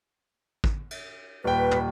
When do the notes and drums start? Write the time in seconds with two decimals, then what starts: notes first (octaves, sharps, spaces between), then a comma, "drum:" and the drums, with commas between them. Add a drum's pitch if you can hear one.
0.64 drum: kick
0.91 drum: cymbal
1.44 D#1 B4 G5
1.71 drum: tom